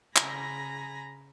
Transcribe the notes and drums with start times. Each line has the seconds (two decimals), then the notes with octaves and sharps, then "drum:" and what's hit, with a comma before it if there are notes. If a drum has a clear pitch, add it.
0.16 C#3 G#5 A#5 B5 A#6, drum: clap